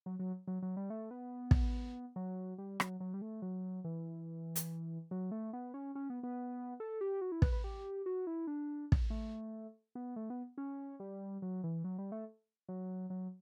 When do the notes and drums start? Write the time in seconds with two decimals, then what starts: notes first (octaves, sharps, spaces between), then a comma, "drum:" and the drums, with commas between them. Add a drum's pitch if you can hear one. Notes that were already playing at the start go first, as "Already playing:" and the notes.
0.06 F#3
0.19 F#3
0.47 F#3
0.62 F#3
0.77 G3
0.90 A3
1.11 B3
1.51 drum: kick
2.16 F#3
2.58 G3
2.80 F#3, drum: rim click
3.00 F#3
3.14 G3
3.22 A3
3.42 F#3
3.84 E3
4.56 drum: hi-hat
5.11 F#3
5.31 A3
5.53 B3
5.74 C#4
5.95 C#4
6.10 B3
6.23 B3
6.80 A4
7.01 G4
7.21 F#4
7.32 E4
7.42 B4, drum: kick
7.52 B4
7.64 G4
8.06 F#4
8.27 E4
8.47 D4
8.92 drum: kick
9.10 A3
9.95 B3
10.16 A3
10.30 B3
10.58 C#4
11.00 G3
11.42 F#3
11.64 E3
11.84 F#3
11.98 G3
12.12 A3
12.69 F#3
13.10 F#3